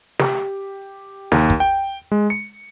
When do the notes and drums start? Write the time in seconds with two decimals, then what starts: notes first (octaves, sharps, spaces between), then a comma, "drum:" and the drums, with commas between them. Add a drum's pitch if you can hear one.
0.19 G4, drum: snare
1.32 D#2, drum: snare
1.50 drum: kick
1.60 G5
2.12 G#3
2.30 C#7